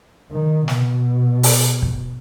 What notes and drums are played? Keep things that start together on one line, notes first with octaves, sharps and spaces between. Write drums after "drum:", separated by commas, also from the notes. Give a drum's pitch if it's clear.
D#3
B2, drum: snare
drum: open hi-hat
drum: kick